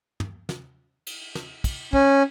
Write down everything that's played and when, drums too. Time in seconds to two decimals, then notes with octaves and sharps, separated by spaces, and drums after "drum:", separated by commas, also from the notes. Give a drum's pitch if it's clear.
0.20 drum: tom
0.49 drum: snare
1.07 drum: cymbal
1.35 drum: snare
1.64 drum: kick, cymbal
1.93 C#4, drum: kick